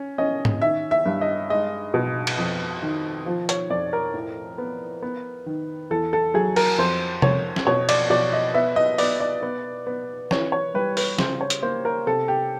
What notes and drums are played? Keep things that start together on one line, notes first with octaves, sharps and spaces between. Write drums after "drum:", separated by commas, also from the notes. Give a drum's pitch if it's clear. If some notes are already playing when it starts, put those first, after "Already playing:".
Already playing: C#4
C#4 D#5
drum: tom
D#3 E5
E5
G2
D#5
G#3 D#5
B2
drum: cymbal
F2
D#3
F3
C#5, drum: hi-hat
F2 D5
A#4
A2
B3
B3
D#3
E2 A4
A4
F#3 G#4
A#4, drum: cymbal
F2 C5
F2 C#5, drum: tom C3
drum: snare
B2 C#5
D5, drum: cymbal
B2 D5
D#5
B3 E5
D#5
B3 D5, drum: open hi-hat
D5
B3
B3
E3 C#5, drum: snare
C#5
G3 B4
B4, drum: open hi-hat
C#3 C5, drum: snare
C#5
drum: hi-hat
A#3 C5
A#4
C3 A4
G4